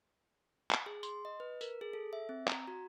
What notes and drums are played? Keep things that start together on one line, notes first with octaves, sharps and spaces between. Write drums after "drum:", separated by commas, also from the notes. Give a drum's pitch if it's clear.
drum: clap
G#4
C6, drum: tambourine
D#5
B4
A#4, drum: tambourine
G#4
A4
E5
C4
A#5, drum: clap
F#4